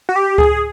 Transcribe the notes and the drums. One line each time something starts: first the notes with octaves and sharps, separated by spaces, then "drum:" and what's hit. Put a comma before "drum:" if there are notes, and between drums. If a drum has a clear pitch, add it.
F#4
G4
G#4, drum: kick C#2